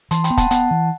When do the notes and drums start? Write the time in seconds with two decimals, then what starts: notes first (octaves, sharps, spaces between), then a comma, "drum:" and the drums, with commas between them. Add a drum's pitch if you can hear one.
0.11 E3 A5 C6, drum: hi-hat
0.24 G5 B5, drum: hi-hat
0.30 B3
0.37 F#5 A5, drum: kick, hi-hat
0.51 B3 F#5 A5, drum: hi-hat
0.71 E3